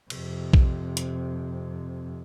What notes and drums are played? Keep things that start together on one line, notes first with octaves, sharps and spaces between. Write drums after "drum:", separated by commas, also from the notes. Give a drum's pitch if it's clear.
F2 C3, drum: cymbal
drum: kick
drum: hi-hat